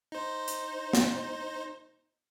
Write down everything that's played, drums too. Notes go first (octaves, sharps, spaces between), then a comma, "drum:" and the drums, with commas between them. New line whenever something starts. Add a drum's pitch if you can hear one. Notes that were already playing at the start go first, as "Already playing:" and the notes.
D#4 C5
drum: hi-hat
drum: snare